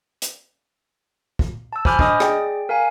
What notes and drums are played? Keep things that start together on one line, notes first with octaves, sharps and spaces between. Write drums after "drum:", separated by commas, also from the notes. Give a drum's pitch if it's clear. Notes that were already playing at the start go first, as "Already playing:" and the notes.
drum: hi-hat
drum: kick
A5 E6
C5 G#5 B5 D6 F6 G6, drum: kick
D4 D#5 D#6, drum: kick
G#4 D5 G5, drum: rim click
A#4 F5 G#5